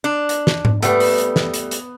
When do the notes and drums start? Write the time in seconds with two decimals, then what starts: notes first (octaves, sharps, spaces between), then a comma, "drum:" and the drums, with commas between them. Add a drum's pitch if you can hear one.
0.04 D4
0.29 drum: hi-hat
0.47 drum: snare
0.65 drum: tom G#2
0.82 G3 A3 B3, drum: hi-hat
1.00 drum: open hi-hat
1.18 drum: hi-hat
1.36 drum: snare
1.54 drum: hi-hat
1.71 drum: hi-hat